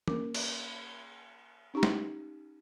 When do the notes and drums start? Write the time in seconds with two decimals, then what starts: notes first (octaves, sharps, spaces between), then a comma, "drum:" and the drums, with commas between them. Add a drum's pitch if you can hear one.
0.08 A#3 C#4 A#4 D6, drum: tom
0.34 drum: cymbal
1.74 C#4 D#4 G4 A#5
1.83 drum: snare